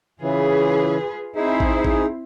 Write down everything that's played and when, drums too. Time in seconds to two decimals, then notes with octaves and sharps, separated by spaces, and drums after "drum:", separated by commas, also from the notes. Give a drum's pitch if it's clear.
0.22 C#3 E3 F4 G#4 B4
1.36 C4 D#4 E4 G#4 C5
1.60 drum: kick A1
1.85 drum: kick A1